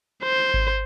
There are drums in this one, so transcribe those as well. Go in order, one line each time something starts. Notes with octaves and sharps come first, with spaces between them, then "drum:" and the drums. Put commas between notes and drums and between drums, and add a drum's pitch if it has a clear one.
C5
drum: kick G#1